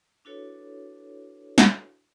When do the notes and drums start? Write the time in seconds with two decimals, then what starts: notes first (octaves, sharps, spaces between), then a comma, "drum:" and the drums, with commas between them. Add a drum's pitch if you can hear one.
0.25 D4 E4 F#4 A4 B4 C#5
1.58 drum: snare